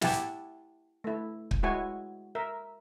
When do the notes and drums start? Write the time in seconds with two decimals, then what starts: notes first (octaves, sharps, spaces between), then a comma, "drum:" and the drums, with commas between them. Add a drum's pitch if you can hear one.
0.01 E4 G4 F#5 G#5 A5, drum: snare
1.04 A3 E4
1.51 drum: kick
1.63 G#3 E4 F#4 C#5 G#5
2.35 A#4 E5